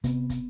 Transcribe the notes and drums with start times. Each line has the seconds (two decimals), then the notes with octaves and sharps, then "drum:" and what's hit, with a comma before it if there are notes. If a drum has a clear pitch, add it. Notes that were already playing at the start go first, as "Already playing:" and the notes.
0.04 C3 B3, drum: kick, hi-hat
0.30 drum: kick, hi-hat